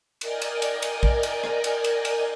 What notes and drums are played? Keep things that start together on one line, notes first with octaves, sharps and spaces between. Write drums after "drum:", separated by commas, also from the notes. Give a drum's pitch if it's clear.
A#4 D5 D#5 G5 G#5, drum: cymbal
drum: cymbal
drum: cymbal
drum: cymbal
drum: kick
drum: cymbal
drum: rim click
drum: cymbal
drum: cymbal
drum: cymbal